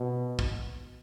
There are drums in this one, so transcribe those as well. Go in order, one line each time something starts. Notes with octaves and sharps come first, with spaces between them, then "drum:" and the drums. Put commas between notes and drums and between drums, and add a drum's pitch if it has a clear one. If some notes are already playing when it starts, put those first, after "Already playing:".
Already playing: B2
drum: kick